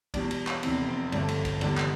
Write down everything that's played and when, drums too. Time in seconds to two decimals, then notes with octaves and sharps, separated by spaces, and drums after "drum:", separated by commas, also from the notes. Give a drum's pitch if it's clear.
0.14 E2 B2 G3 D4, drum: kick, cymbal
0.31 drum: cymbal
0.47 drum: clap
0.63 F1 E2 C3 C4, drum: cymbal
0.88 C4
1.12 G1 G2 D3 A3 D4, drum: cymbal
1.28 drum: cymbal
1.45 drum: kick, cymbal
1.61 F1 E2 D3 G3 D4, drum: cymbal
1.77 drum: clap